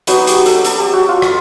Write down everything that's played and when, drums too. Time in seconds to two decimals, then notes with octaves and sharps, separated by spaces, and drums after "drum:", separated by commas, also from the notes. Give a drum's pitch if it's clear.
0.07 F#3 B3 D#4 F#4, drum: hi-hat
0.27 G4, drum: hi-hat
0.46 A4, drum: hi-hat
0.64 A4, drum: hi-hat
0.80 G4
0.93 F#4
1.08 F4
1.22 drum: rim click